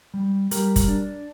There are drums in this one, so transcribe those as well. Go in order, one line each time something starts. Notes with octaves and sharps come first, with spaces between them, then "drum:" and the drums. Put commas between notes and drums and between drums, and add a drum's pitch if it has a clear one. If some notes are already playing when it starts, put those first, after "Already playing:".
G3
G3 G4 A#4, drum: hi-hat
drum: kick F#1, hi-hat
D4